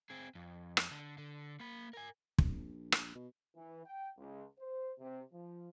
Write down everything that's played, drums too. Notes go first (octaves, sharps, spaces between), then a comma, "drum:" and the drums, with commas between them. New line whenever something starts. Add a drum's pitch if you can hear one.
C4 G#4
F2
drum: rim click
D3
D3
A#3 B5
A#4 G#5
A#1, drum: kick
drum: rim click
B2
E3
G5
C#2
C5
C3
F3